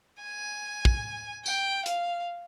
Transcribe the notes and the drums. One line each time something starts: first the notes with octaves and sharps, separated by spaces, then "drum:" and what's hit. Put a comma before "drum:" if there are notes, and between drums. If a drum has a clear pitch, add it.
G#5
drum: kick
G5, drum: tambourine
F5, drum: hi-hat